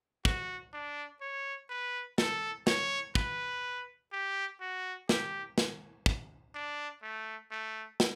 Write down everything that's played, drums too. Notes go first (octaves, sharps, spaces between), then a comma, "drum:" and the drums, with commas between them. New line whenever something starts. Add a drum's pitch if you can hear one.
F#4, drum: kick
D4
C#5
B4
A4, drum: snare
C#5, drum: snare
B4, drum: kick
G4
F#4
G4, drum: snare
drum: snare
drum: kick
D4
A3
A3
drum: snare